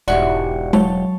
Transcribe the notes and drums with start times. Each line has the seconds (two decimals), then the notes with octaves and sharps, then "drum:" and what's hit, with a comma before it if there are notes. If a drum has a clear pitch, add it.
0.08 E1 G#2 E4 F#4 G4 D5 C#6
0.73 F#3 C#5 A5, drum: tom G#3